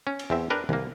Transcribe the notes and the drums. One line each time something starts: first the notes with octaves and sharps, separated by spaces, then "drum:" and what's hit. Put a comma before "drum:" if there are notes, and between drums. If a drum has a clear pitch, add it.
C#4
drum: cymbal
E2 C4 E5
D4 A#4 B4 G5
C2 A#3, drum: tom